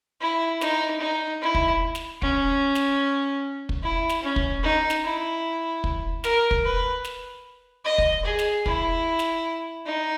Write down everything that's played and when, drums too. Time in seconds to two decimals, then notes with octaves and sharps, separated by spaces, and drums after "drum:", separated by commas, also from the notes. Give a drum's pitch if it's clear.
0.21 E4
0.61 D#4, drum: snare
1.01 D#4
1.41 E4
1.55 drum: kick
1.95 drum: snare
2.22 C#4, drum: kick
2.75 drum: snare
3.69 drum: kick
3.83 E4
4.09 drum: snare
4.23 C#4
4.36 drum: kick
4.64 D#4
4.90 drum: snare
5.04 E4
5.84 drum: kick
6.24 A#4, drum: snare
6.51 drum: kick
6.64 B4
7.04 drum: snare
7.85 D#5
7.98 drum: kick
8.25 G#4
8.39 drum: snare
8.66 E4, drum: kick
9.19 drum: snare
9.86 D#4